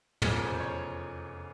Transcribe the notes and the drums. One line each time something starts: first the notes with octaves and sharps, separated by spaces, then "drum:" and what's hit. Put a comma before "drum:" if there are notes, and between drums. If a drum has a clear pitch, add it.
F1 E2 C#3 F3 G#4, drum: tom
A#4
C5
C#5